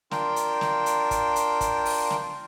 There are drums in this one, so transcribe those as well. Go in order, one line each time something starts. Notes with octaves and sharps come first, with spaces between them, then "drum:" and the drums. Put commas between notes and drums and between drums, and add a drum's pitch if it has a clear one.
D4 F4 A#4 G5, drum: snare
drum: hi-hat
drum: snare
drum: hi-hat
drum: kick, hi-hat
drum: hi-hat
drum: kick, hi-hat
drum: open hi-hat
drum: snare